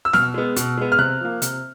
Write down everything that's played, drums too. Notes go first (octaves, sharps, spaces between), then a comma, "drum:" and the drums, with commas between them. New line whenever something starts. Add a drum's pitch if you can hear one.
E6
B2 F6, drum: snare
G#3 B3
B2, drum: hi-hat
G#3 B3
F6
C3 F#6
F3 A#3
C3, drum: hi-hat